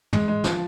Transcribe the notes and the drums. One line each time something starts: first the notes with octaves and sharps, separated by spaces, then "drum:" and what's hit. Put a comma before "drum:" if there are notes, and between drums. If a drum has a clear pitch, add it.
G#3, drum: tom
G#3
F3, drum: snare